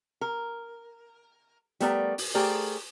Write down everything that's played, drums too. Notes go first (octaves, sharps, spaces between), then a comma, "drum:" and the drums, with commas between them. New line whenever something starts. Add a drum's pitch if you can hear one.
A#4
G3 A3 B3 A#4 D5 A#5, drum: hi-hat
drum: open hi-hat
A3 G4 G#4 A#4 C5 D5